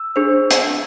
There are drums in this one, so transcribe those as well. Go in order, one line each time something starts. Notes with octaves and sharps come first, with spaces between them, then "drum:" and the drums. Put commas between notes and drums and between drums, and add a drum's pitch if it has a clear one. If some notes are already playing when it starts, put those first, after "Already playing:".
Already playing: E6
D4 G#4 C5
drum: hi-hat